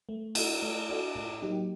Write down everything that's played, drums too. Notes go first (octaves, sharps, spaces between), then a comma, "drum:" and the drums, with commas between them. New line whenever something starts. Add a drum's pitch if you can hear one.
A3
D4 F#4 A4, drum: cymbal
A3
D4 F#4 A4
A2
F#3 A#3 D#4 G4